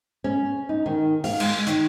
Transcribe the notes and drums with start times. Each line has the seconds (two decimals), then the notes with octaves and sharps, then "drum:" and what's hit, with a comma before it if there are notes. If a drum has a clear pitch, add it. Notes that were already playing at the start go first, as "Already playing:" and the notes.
0.24 C#4
0.69 D#4
0.86 D#3
1.24 F5, drum: open hi-hat
1.40 G#3, drum: cymbal
1.67 D#3, drum: hi-hat